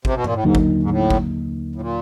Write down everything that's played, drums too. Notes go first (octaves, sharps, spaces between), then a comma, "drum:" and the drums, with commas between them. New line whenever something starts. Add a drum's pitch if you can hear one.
C3, drum: kick G#1
B2
A#2, drum: tom G2
A2
D#2 G#2 D3 F#3 A#3 D#4
drum: kick G#1
G#2
A2
drum: kick G#1
A2
A#2